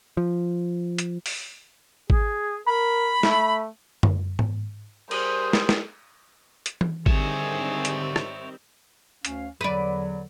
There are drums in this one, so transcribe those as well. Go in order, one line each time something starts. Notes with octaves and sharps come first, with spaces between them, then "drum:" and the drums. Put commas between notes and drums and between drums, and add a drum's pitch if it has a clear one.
F3
drum: hi-hat
drum: open hi-hat
G#4, drum: kick G#1
A#4 B5
A3, drum: snare
drum: tom F#2
drum: tom G#2
G3 G#4 A#4 C5, drum: cymbal
drum: snare
drum: snare
drum: hi-hat
drum: tom E3
D3 D#3 G3 C4 G#4 C#5 E5, drum: kick G#1
drum: hi-hat
drum: rim click
D2 C#4 F5, drum: hi-hat
E2 D3 F#3 B4 D5